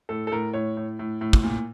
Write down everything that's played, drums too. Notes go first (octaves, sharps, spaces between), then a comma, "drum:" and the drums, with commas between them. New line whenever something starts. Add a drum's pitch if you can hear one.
A2 A4
A4
A2 A#4
A2 C#5
A2
A2
A2
drum: kick
A#2